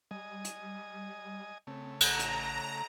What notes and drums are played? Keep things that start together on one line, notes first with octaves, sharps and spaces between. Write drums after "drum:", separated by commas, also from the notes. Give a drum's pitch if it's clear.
G3 D#5 G#5
drum: hi-hat
C#3 A3 C4
A1 A#5, drum: cymbal
drum: hi-hat